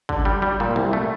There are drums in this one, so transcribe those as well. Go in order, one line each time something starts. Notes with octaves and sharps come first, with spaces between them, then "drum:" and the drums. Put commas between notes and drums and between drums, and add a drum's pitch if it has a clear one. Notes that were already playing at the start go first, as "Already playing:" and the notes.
D3, drum: kick
G3
G3
A#2
C2
A3